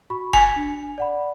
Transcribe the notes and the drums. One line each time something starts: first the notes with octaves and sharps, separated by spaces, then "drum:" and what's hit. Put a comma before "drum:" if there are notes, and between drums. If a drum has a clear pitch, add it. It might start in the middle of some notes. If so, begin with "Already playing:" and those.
F#4 B5 C#6
G#5 G#6 B6 C#7, drum: kick F1
D4
D5 F#5 B5